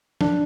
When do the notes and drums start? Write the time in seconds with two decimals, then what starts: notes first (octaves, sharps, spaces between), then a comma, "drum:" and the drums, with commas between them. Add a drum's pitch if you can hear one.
0.21 D4, drum: tom